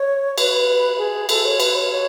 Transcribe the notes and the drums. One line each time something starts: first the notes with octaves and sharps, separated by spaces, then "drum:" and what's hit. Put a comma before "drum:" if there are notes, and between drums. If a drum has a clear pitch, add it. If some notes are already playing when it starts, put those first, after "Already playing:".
Already playing: C#5
B4, drum: cymbal
G#4
A4, drum: cymbal
C#5
B4, drum: cymbal
C#5
C#5